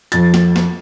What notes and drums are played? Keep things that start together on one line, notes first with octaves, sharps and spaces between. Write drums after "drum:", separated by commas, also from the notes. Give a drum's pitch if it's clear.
F2 A6, drum: hi-hat
drum: snare
drum: snare